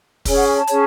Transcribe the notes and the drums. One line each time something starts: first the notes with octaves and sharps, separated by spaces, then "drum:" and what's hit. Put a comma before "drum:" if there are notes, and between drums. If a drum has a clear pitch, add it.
C#4 G#4 C#5 G#5, drum: kick, open hi-hat
F#5
G#5
A5
C#4 G#4 C#5, drum: hi-hat